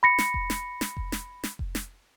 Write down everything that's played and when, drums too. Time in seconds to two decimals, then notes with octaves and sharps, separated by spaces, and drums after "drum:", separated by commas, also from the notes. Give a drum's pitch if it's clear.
0.03 B5 A#6 C#7
0.18 drum: snare
0.34 drum: kick F1
0.50 drum: snare
0.81 drum: snare
0.97 drum: kick F1
1.12 drum: snare
1.43 drum: snare
1.59 drum: kick F1
1.75 drum: snare